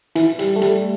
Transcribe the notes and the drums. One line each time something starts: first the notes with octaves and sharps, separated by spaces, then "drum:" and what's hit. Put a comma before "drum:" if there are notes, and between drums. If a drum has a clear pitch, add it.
E3, drum: hi-hat
G3, drum: hi-hat
A3
G3, drum: hi-hat